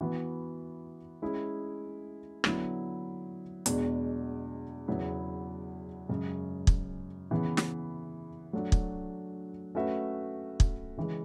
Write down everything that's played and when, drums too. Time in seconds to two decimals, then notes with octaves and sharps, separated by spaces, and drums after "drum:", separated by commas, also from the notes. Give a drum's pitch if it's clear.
0.01 E3 B3 F#4 B4
1.22 G#3 C#4 E4 G#4
2.44 D3 F#3 B3 E4, drum: rim click
3.66 E2 B2 G#3 D4, drum: hi-hat
4.88 E2 C#3 F#3 B3 E4
6.09 F#2 C#3 G#3
6.67 drum: kick
7.31 C#3 E3 B3
7.57 drum: snare
8.53 F#3 A3 D4 F#4
8.72 drum: kick
9.75 A3 C#4 F#4 B4 E5
10.60 drum: kick
10.97 C#3 E3 G#3